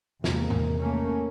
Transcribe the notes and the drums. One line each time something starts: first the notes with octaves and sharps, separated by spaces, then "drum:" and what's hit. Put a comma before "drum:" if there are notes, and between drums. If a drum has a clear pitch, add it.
E2 C3 D#3 G#3 A#3, drum: snare
drum: tom
A3 A#3 C#4